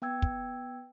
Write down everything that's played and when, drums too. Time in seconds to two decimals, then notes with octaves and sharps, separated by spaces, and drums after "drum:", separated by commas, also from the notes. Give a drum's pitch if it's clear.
0.02 B3 G5 E6 G#6
0.22 drum: kick